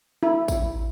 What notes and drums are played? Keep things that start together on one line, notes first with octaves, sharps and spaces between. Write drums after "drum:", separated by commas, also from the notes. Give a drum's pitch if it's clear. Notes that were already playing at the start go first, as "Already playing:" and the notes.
E4
drum: kick A1, tambourine